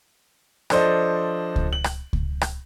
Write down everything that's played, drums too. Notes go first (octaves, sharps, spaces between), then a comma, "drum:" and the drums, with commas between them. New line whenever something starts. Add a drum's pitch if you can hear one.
F3 D4 A4 C5 D#5, drum: rim click
drum: kick C#2
F#7
drum: rim click
drum: kick C#2
drum: rim click